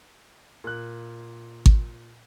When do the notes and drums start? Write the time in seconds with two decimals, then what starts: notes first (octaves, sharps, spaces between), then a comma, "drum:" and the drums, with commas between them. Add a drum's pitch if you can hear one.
0.64 A#2 F#6
1.66 drum: kick G#1